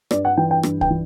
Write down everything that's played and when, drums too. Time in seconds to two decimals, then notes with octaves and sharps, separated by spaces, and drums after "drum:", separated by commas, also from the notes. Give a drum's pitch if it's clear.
0.11 G2 D5, drum: rim click
0.25 F#5
0.37 E3 G5
0.51 G5
0.63 G2, drum: rim click
0.81 G5, drum: kick
0.90 E3